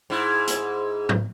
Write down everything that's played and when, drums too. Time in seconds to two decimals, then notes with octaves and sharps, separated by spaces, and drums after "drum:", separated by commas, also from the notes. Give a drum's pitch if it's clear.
0.10 G#2 E4
0.47 drum: hi-hat
1.09 drum: tom G#2